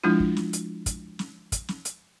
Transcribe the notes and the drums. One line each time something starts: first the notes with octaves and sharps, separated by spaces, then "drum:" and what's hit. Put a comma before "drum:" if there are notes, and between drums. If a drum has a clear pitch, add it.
F3 G#3 D4 E4 F4
drum: kick
drum: snare
drum: hi-hat
drum: kick, hi-hat
drum: snare
drum: kick, hi-hat
drum: snare
drum: hi-hat